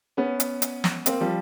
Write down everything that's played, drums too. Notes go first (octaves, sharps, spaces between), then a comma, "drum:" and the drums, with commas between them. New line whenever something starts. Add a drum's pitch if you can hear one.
B3 C#4
drum: hi-hat
drum: hi-hat
drum: snare
A#3 C4, drum: hi-hat
F3 G3